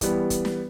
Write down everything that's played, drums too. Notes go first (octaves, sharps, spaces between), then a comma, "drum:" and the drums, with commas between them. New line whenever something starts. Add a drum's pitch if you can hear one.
E3 G3 B3, drum: kick, hi-hat
drum: kick, hi-hat
drum: snare